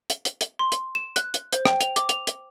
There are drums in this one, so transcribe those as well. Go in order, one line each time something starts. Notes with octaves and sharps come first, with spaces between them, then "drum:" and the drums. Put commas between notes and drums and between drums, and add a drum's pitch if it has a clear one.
drum: hi-hat
drum: hi-hat
drum: hi-hat
C6
drum: hi-hat
E7
F#6, drum: hi-hat
drum: hi-hat
C5, drum: hi-hat
G5, drum: rim click
F7, drum: hi-hat
D6, drum: hi-hat
F7, drum: hi-hat
drum: hi-hat